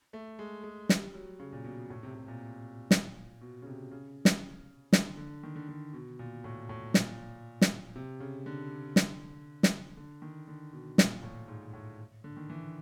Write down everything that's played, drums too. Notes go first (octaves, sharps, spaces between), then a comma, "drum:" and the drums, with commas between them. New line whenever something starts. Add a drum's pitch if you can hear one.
A3
G#3
G#3
G3, drum: snare
F#3
C#3
A#2
B2
A2
C3
C3
A#2
drum: snare
B2
C#3
C3
C#3
drum: snare
D3, drum: snare
D3
D#3
D3
D3
B2
A#2
A2
A2
A#2, drum: snare
drum: snare
C3
C#3
D3
drum: snare
drum: snare
D3
D#3
D3
B2
A#2, drum: snare
A2
G#2
A2
D3
D#3
E3